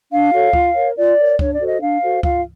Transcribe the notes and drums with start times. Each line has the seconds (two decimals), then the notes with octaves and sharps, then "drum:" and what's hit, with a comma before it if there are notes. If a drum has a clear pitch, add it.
0.12 D4 F5
0.32 F#4 A4 C#5
0.53 F4, drum: kick C#2
0.75 A#4 C#5
0.97 F4 D5
1.18 A#4 C#5
1.39 D4 C#5, drum: kick C#2
1.53 D5
1.60 F#4 A4 C5
1.68 D#5
1.81 D4 F5
2.03 F#4 A4 C5
2.23 F4 F5, drum: kick C#2